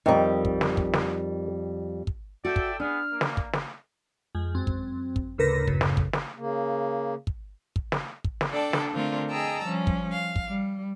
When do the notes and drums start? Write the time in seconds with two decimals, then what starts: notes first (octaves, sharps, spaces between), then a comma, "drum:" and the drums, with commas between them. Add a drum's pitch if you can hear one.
0.06 F2 D#3 G3 D#4
0.45 drum: kick
0.61 drum: snare
0.77 drum: kick
0.93 drum: snare
2.07 drum: kick
2.45 F#4 A4 D5 E5 G5
2.56 drum: kick
2.80 B3 D4 G#4 F6
3.12 A#3
3.21 drum: snare
3.37 drum: kick
3.53 drum: snare
4.35 F2 G#3
4.55 F#2 C4
4.67 drum: kick
5.16 drum: kick
5.38 D2 A2 C#3 A#4 B4 A#6
5.67 F#2 A2 C#3, drum: kick
5.81 drum: snare
5.97 drum: kick
6.13 drum: snare
6.37 C#3 A#3
7.27 drum: kick
7.76 drum: kick
7.92 drum: snare
8.24 drum: kick
8.41 drum: snare
8.50 D4 A4 D5 G5 A5
8.73 drum: snare
8.94 D3 A3 C4 F4 A#4
9.29 G#4 D#5 G5 A5 A#5 E6
9.64 F3 G3 C#4
9.87 drum: kick
10.11 F5
10.36 drum: kick
10.47 G3